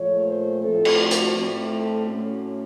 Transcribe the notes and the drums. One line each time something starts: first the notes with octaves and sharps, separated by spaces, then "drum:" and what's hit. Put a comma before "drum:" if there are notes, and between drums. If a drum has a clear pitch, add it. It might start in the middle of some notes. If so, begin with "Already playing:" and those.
Already playing: A#2 F3 A3 C#5
C5
A2 F3 A3 C4 A4
drum: cymbal
F#4
drum: hi-hat
A2 A3 C4 F4
A4
A2 A3 C#4 F#4